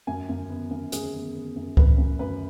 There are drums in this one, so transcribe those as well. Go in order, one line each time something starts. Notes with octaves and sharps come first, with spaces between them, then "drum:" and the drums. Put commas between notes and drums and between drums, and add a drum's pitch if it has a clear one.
F#2 G#5
F#2
B3
F#2
F#2 G#4, drum: hi-hat
B3
B3
F#2
F#2 B4, drum: kick C#2
F#2
F#2 B4